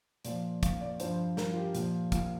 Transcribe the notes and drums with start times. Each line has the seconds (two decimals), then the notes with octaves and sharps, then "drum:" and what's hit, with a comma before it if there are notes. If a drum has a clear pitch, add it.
0.25 A#2 F3 D5, drum: hi-hat
0.63 F5, drum: kick, hi-hat
0.81 D5
1.00 G2 F3 C5, drum: hi-hat
1.37 A#4, drum: snare
1.52 F4
1.56 G4
1.75 A#2 F3, drum: hi-hat
2.12 F4, drum: kick, hi-hat